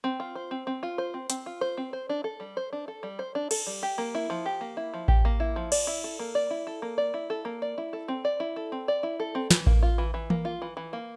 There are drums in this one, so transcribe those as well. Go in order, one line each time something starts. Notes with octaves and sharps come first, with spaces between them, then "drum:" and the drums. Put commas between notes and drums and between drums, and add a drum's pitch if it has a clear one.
C4
F4
C5
C4
C4
F4
C5
C4
C4, drum: hi-hat
F4
C5
C4
C5
D4
A4
G3
C5
D4
A4
G3
C5
D4
A4, drum: cymbal
G3
G4
A#3
E4
F3
G4
A#3
E4
F3
G4, drum: kick A1
A#3
E4
F3
D5, drum: cymbal
E4
A4
A#3
D5
E4
A4
A#3
D5
E4
A4
A#3
D5
E4
A4
C4
D5
E4
A4
C4
D5
E4
A4
C4
E3, drum: snare
A#3, drum: kick A1
F4
E3
E3
A#3, drum: tom E3
F4
E3
E3
A#3